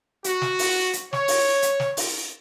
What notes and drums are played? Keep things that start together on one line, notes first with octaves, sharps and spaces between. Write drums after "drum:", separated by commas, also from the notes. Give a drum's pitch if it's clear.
F#4, drum: hi-hat
drum: snare
drum: open hi-hat
drum: hi-hat
C#5, drum: snare
drum: open hi-hat
drum: hi-hat
drum: snare
drum: open hi-hat